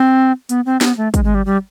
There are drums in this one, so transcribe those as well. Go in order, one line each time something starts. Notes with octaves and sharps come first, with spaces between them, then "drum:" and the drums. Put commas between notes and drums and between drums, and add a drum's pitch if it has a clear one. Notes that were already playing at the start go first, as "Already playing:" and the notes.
Already playing: C4
B3, drum: hi-hat
C4
B3, drum: snare
A3
G#3, drum: kick, hi-hat
G#3
G3
G3